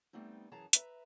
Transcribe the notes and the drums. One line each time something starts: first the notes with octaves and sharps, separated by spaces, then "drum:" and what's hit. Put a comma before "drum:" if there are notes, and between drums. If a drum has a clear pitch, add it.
G3 A3 B3 C4 D#4
F#2 E3 G#4 A5 A#5
B4 C5 E5 A#5, drum: hi-hat